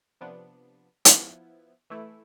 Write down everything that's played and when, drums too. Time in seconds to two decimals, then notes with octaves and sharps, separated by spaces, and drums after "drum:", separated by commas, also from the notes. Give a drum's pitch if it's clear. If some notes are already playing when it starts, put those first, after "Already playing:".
0.21 C3 F3 B3 D4
1.05 F3 B3 E4, drum: hi-hat
1.90 E3 A3 E4